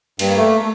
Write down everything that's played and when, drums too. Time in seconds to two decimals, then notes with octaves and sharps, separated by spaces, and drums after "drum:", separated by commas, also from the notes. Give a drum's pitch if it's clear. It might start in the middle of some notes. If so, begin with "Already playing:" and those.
0.19 G2 A#3, drum: cymbal
0.36 A3
0.59 A3